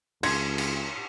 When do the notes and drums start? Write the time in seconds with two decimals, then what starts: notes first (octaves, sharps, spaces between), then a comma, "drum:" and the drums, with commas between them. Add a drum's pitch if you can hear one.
0.23 C#2 C6 G#6, drum: cymbal
0.58 drum: cymbal